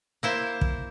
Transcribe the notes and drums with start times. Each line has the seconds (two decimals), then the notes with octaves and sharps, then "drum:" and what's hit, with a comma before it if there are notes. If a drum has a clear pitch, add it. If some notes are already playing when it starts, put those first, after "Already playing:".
0.23 A#3 E4 C5
0.61 drum: kick